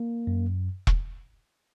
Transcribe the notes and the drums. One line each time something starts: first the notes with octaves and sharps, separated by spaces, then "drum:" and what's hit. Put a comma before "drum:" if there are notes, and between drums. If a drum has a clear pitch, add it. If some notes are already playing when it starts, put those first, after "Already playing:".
Already playing: A#3
F#2
drum: kick E1